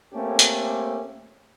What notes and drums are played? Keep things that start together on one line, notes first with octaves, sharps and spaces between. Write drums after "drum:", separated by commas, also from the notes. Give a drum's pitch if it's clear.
A3 A#3 C4 C#4 G4 A4
drum: hi-hat